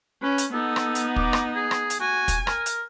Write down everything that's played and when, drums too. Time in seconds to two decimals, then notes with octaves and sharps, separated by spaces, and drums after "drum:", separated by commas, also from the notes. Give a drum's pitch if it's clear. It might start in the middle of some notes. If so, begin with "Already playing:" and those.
0.23 C#4 B4
0.38 drum: hi-hat
0.53 B3 D#4 A4
0.76 drum: rim click
0.95 drum: hi-hat
1.16 D6, drum: kick
1.33 drum: rim click
1.56 G#4
1.71 drum: rim click
1.90 drum: hi-hat
2.00 F#4 G#5
2.28 drum: kick, hi-hat
2.47 A#4, drum: rim click
2.66 drum: hi-hat